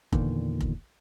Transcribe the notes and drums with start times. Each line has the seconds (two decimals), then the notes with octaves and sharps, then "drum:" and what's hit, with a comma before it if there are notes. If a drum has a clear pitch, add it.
0.13 E2 A#2 D3 D#3, drum: kick F1
0.61 drum: kick F1